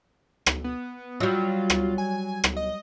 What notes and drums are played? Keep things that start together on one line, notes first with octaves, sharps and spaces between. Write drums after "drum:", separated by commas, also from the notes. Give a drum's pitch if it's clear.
drum: rim click
B3
F#3 G3 F4
drum: rim click
G#5
drum: rim click
D#5